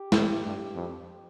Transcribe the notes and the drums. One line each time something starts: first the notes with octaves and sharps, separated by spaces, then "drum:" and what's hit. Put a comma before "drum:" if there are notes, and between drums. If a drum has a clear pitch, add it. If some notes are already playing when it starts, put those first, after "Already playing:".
Already playing: G4
A2, drum: snare
G2
F2